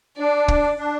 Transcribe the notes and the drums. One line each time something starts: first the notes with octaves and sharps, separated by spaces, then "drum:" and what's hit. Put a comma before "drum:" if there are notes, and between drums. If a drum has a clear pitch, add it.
D4 D5
drum: kick
D4